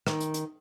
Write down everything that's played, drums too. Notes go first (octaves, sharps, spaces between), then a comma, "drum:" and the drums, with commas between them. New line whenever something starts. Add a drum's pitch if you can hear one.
D#3, drum: rim click
drum: hi-hat
drum: hi-hat